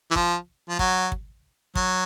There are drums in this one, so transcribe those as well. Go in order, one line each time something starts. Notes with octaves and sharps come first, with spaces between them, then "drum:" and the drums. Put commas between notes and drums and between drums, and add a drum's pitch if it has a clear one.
E3
F3, drum: kick
F3
F#3, drum: kick
drum: kick
F#3, drum: kick